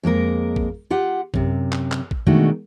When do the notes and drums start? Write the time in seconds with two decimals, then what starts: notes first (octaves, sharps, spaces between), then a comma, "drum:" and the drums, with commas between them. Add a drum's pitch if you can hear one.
0.03 F2 G#3 A#3 A#4
0.56 drum: kick A1
0.90 F4 G4 F#5
1.34 F#2 C3, drum: kick A1
1.72 drum: clap
1.92 drum: clap
2.11 drum: kick A1
2.26 B2 D#3 G#3 A3 D4 F#4